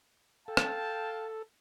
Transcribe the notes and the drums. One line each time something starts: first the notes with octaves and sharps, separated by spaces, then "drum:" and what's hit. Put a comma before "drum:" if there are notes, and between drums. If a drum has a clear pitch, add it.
A4 F5 G5 A5
drum: rim click